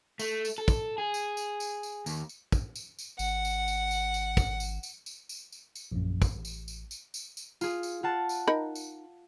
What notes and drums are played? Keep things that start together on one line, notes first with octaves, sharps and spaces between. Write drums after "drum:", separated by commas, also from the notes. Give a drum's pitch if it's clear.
A3, drum: tambourine
drum: tambourine
A4
drum: kick, tambourine
G#4
drum: tambourine
drum: tambourine
drum: tambourine
drum: tambourine
D#2, drum: tambourine
drum: tambourine
drum: kick, tambourine
drum: tambourine
drum: tambourine
G#1 F#5, drum: tambourine
drum: tambourine
drum: tambourine
drum: tambourine
drum: tambourine
drum: kick, tambourine
drum: tambourine
drum: tambourine
drum: tambourine
drum: tambourine
drum: tambourine
drum: tambourine
A#1 F#2
drum: kick, tambourine
A1
drum: tambourine
drum: tambourine
drum: tambourine
drum: tambourine
drum: tambourine
F4 G#4, drum: tambourine
drum: tambourine
F4 F#5 A5
drum: tambourine
D#4 A#4 B5
drum: tambourine